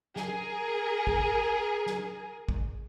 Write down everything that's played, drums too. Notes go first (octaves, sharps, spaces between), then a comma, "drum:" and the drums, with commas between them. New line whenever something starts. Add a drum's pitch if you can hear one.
G#4 A#4, drum: snare
drum: kick
drum: snare
drum: kick